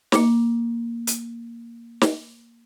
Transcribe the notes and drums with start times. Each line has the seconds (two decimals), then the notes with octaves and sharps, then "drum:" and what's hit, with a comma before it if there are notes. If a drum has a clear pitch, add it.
0.12 A#3 D6, drum: snare
1.07 drum: hi-hat
2.01 drum: snare